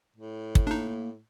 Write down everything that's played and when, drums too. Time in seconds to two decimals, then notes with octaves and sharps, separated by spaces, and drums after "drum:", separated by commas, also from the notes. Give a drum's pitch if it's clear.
0.16 A2
0.55 drum: kick
0.67 A#3 D4 D#4